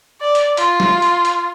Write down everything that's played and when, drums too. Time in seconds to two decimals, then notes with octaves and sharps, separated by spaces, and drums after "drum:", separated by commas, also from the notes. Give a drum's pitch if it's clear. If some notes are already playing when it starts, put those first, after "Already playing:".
0.21 D5
0.35 drum: hi-hat
0.57 F4, drum: hi-hat
0.80 drum: snare
1.02 drum: hi-hat
1.25 drum: hi-hat